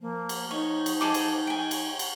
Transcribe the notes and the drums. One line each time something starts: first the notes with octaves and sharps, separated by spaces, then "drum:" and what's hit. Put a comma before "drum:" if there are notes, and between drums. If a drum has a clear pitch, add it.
F3 A#3
drum: cymbal
D#4 C#5
drum: cymbal
G#4 A4 D6
drum: cymbal
G5 G#5
drum: cymbal
drum: cymbal